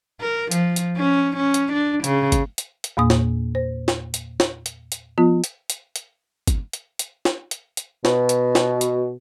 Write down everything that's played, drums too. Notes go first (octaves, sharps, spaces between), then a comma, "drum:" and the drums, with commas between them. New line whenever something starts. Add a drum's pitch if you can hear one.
A#4
F3, drum: hi-hat
drum: hi-hat
C#4
C#4
drum: hi-hat
D4
C#3, drum: hi-hat
drum: kick, hi-hat
drum: hi-hat
drum: hi-hat
E2 A#2 A#3 D#6
drum: snare
C5
drum: snare
drum: hi-hat
drum: snare
drum: hi-hat
drum: hi-hat
F3 B3 F4
drum: hi-hat
drum: hi-hat
drum: hi-hat
drum: kick, hi-hat
drum: hi-hat
drum: hi-hat
drum: snare
drum: hi-hat
drum: hi-hat
B2, drum: snare
drum: hi-hat
drum: snare
drum: hi-hat